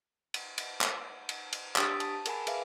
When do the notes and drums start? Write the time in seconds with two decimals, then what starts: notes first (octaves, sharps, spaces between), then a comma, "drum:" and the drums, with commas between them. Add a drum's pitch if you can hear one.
0.34 drum: cymbal
0.58 drum: cymbal
0.81 drum: clap
1.29 drum: cymbal
1.53 drum: cymbal
1.76 D4 G4 D#6 A6 B6 D7, drum: clap
2.00 A5, drum: cymbal
2.14 A5
2.25 G#4 A#4 F#5 G#5 B5, drum: cymbal
2.47 G#4 B4 E5 F5, drum: cymbal